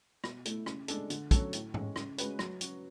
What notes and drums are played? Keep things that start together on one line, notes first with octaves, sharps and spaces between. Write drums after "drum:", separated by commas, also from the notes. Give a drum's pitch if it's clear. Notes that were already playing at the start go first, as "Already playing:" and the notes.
B2, drum: rim click
A3 E4, drum: hi-hat
C#3, drum: rim click
G#3 D4 A4, drum: hi-hat
D3, drum: hi-hat
F#3 C#4 F#4 A4, drum: kick, hi-hat
A2, drum: hi-hat
G#3 C#4, drum: tom
C#3, drum: rim click
G#3 C#4 F#4 B4, drum: hi-hat
F#3, drum: rim click
C#4 F#4, drum: hi-hat